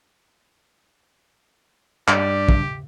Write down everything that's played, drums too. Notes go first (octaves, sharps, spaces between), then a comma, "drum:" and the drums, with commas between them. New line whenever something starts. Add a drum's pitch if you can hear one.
G2 G4 D5, drum: clap
drum: kick